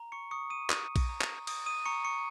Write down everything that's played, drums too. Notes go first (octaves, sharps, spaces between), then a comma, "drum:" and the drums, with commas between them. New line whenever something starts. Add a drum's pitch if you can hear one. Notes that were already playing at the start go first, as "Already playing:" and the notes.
Already playing: A#5
C#6 C#7
C#6 D#6 C#7
D#6 D#7
D#6, drum: clap
drum: kick A#1, cymbal
A#5
drum: clap
D#6, drum: cymbal
D#6 D#7
A#5 C#6 C#7
C#6 C#7